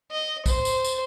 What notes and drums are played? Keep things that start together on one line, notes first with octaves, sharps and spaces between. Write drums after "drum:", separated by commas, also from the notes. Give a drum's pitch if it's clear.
D#5
C5, drum: kick, tambourine
drum: tambourine
drum: tambourine